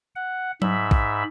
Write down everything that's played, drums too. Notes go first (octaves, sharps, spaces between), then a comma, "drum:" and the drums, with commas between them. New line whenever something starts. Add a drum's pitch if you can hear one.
F#5
G#2 E5 B5, drum: tom F#3
drum: kick